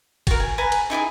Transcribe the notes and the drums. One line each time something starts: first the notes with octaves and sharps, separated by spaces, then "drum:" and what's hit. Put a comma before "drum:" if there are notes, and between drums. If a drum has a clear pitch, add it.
F#4 A#4, drum: kick, cymbal
G#5
B4 G#5 A#5
drum: cymbal
D#4 E4 G4 G#4